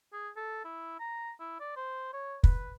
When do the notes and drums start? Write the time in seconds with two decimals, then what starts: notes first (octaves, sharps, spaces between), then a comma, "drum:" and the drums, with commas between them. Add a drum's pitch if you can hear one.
0.13 G#4
0.36 A4
0.65 E4
0.99 A#5
1.40 E4
1.60 D5
1.76 C5
2.13 C#5
2.44 B4, drum: kick